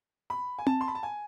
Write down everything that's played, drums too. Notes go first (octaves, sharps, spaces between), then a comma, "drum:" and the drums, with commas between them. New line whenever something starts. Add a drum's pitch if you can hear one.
B5
G#5
A5, drum: tom C4
C6
B5
A5
G#5